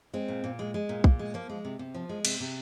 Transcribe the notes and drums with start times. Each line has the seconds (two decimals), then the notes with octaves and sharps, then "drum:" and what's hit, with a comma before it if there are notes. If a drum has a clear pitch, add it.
0.13 G#3 C4
0.28 A#2
0.44 A#2
0.59 G#3
0.74 G#3
0.89 A#2
1.04 A#2, drum: kick B1
1.19 G#3
1.34 F3 A#3
1.50 G#3
1.65 C3
1.79 C3
1.95 F3
2.09 G#3
2.25 C3, drum: cymbal
2.40 C3